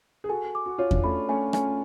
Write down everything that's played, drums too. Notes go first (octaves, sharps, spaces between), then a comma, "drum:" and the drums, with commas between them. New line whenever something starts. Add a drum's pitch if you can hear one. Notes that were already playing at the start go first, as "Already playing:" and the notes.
G#4
F#4 A4 G#5
D6
F#4
F4 C#5
D4, drum: kick E2
A3 C#4 B5
A3 C#4 G#5
A3 C#4 G#5, drum: rim click